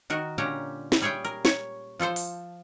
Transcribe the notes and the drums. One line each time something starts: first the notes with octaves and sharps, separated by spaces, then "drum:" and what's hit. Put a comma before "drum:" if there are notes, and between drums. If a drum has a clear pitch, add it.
D#3 F#4 A#4
A#2 D3 C#4 G4 A#5
drum: snare
G3 G#4 C#5 E5 G5
A#4
C#5, drum: snare
F3 F4 A4 C5
drum: open hi-hat